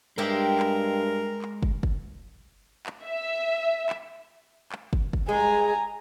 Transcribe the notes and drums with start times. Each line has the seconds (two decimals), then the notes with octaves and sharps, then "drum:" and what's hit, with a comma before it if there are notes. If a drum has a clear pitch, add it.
0.18 G2 G#3 G4 A#4 E5 G5
0.59 drum: clap
1.42 drum: clap
1.63 drum: kick
1.83 drum: kick
2.86 drum: clap
3.04 E5
3.90 drum: clap
4.72 drum: clap
4.93 drum: kick
5.13 drum: kick
5.28 G#3 G#4 G#5 A#5